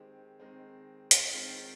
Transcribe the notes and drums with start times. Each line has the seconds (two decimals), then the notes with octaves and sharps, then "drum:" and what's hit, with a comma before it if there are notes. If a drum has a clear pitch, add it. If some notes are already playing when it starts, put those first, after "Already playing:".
Already playing: D#3 G#3 C4 G4
0.40 D#3 G#3 C4
1.11 drum: hi-hat
1.33 D#3 G#3 C4 F4